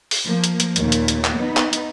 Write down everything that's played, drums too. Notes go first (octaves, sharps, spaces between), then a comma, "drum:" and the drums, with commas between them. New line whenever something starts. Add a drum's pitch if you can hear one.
drum: open hi-hat
F3 A#3
drum: hi-hat
drum: hi-hat
D#2 A#2, drum: hi-hat
drum: hi-hat
drum: hi-hat
drum: clap
B3 D#4
drum: clap
drum: hi-hat